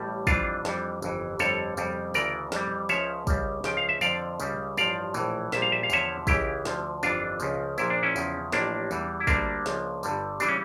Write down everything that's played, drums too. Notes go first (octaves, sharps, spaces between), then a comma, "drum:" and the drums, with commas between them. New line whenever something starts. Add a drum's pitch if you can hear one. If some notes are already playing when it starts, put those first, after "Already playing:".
Already playing: A1 A2 G3
F2 E3 G3 D4 F4, drum: kick, tambourine
F2 E3 G3, drum: snare
G1 F2 E3, drum: tambourine
G1 F2 D3 G3 A4 C#5, drum: tambourine
F2 C#3 G3, drum: tambourine
D2 C#3 E3 A#4 D5, drum: tambourine
F2 E3 G3, drum: snare
C#2 C#3 F3 C#5 E5, drum: tambourine
C#2 C#3 G3, drum: kick, tambourine
C#2 C#3 F3 G5, drum: snare
F5
E5
F2 D3 F3 D5 F5, drum: tambourine
C#2 C#3 G3, drum: tambourine
A1 G2 F3 D5 F5, drum: tambourine
A#1 A2 E3, drum: tambourine
A#1 A#2 G3 E5, drum: snare
F5
E5
F5
E2 D3 F3 C#5 E5, drum: tambourine
C#2 C#3 E3 E4 G4, drum: kick, tambourine
D2 D3 F3, drum: snare
G1 F2 E3 D4 F4, drum: tambourine
C#2 C#3 F3, drum: tambourine
A#1 A#2 F3 E4, drum: tambourine
D4
C#4 E4
E2 C#3 F3, drum: tambourine
A1 A2 F3 A#3 D4, drum: snare
E2 E3 G3, drum: tambourine
E4
D2 D3 G3 A#3 D4, drum: kick, tambourine
C#2 C#3 F3, drum: snare
G1 G2 D3 G3, drum: tambourine
C#3 E3 G3 D4, drum: tambourine
C#4